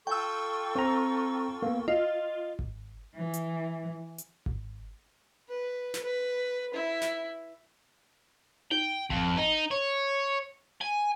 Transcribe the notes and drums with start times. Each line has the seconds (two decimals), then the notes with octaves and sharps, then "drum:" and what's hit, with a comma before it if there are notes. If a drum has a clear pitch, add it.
0.07 F4 A4 G5 C#6 E6
0.75 C4 A#5
1.62 A#3 B3
1.88 F4 D#5
2.59 drum: kick G#1
3.15 E3
3.34 drum: hi-hat
4.18 drum: hi-hat
4.46 drum: kick G#1
5.49 B4
5.94 drum: snare
6.03 B4
6.74 E4
7.01 drum: snare
8.71 G5, drum: tom D#4
9.10 F2, drum: kick G#1
9.38 D#4
9.71 C#5
10.81 G#5